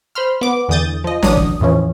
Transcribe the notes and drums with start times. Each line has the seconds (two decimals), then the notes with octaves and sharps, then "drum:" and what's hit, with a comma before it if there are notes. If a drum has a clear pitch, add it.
0.15 C5 B5 C6 F6
0.41 B3 D6
0.68 E2 D3 E3 D#6 G6 A6
1.04 F3 D#5
1.22 A1 E3 F#3 D4 D#6, drum: snare
1.37 drum: kick
1.60 E2 A2 E3 F3 C#4